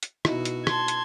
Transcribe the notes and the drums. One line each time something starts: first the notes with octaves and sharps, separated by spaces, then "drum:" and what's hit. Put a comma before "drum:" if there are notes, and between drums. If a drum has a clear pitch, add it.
drum: hi-hat
B2 D#4 E4 F#4, drum: rim click
drum: hi-hat
A5 C6 G#6, drum: rim click
drum: hi-hat